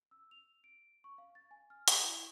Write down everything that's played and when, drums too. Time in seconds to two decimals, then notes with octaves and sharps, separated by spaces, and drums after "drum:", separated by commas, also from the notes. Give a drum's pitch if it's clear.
0.11 E6
0.31 F7
0.64 D7
1.04 C#6
1.18 F5
1.35 A6
1.51 G#5
1.70 F6
1.88 G#5, drum: hi-hat
2.04 E4